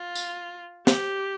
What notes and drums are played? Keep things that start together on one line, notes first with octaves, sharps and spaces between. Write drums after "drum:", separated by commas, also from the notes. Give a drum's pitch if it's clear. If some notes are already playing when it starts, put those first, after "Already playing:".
Already playing: F4
drum: tambourine
G4, drum: snare